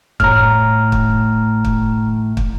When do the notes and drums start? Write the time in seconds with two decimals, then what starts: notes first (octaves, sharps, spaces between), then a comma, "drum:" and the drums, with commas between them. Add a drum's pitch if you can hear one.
0.20 A2 A#5 F6, drum: kick
0.92 drum: kick
1.65 drum: kick
2.37 drum: kick